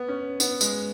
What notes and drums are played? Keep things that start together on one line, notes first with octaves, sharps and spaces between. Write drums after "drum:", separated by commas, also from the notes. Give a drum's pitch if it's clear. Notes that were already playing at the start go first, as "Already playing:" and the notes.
Already playing: B3
C#4
B3, drum: tambourine
G#3, drum: tambourine